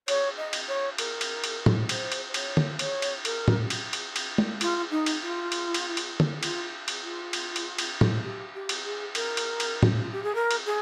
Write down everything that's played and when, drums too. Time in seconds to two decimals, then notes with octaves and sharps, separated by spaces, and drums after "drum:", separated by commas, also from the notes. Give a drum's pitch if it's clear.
0.08 C#5, drum: cymbal
0.37 D#5
0.53 drum: cymbal
0.68 C#5
0.98 A#4, drum: cymbal
1.21 drum: cymbal
1.44 drum: cymbal
1.66 drum: tom A2
1.89 C5, drum: cymbal
2.12 drum: cymbal
2.28 C5
2.34 C#5, drum: cymbal
2.57 drum: tom
2.79 C#5, drum: cymbal
3.02 drum: cymbal
3.25 A#4, drum: cymbal
3.48 drum: tom A2
3.70 drum: cymbal
3.93 drum: cymbal
4.16 drum: cymbal
4.38 drum: tom
4.61 F4, drum: cymbal
4.91 D#4
5.06 drum: cymbal
5.22 F4
5.52 drum: cymbal
5.74 drum: cymbal
5.97 drum: cymbal
6.20 drum: tom
6.43 F4, drum: cymbal
6.88 drum: cymbal
7.03 F4
7.33 drum: cymbal
7.56 drum: cymbal
7.78 drum: cymbal
8.01 drum: tom A2
8.24 G4
8.54 G4
8.69 drum: cymbal
8.84 G#4
9.15 A#4, drum: cymbal
9.37 drum: cymbal
9.60 drum: cymbal
9.83 drum: tom A2
10.00 F4
10.12 G4
10.23 G#4
10.35 A#4
10.51 drum: cymbal
10.66 G#4